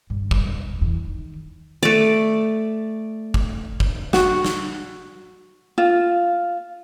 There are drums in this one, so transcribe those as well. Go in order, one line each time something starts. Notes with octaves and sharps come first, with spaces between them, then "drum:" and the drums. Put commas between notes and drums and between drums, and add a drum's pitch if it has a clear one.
G2
E1 G3, drum: kick
E2 E3
D#3
A3 D5
drum: kick
drum: kick
F#4, drum: snare
drum: snare
F4